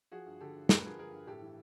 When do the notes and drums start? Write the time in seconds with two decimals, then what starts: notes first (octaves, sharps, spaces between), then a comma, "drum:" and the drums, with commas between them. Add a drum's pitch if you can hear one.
0.12 F3 F#4 G#4
0.26 G2
0.41 D3 G4 A4
0.56 G2
0.69 G2 A#4, drum: snare
0.77 B4
0.84 F3 G#4 A#4
0.99 G2 G#4 A#4
1.12 G2
1.27 A2 G4 A4
1.42 E3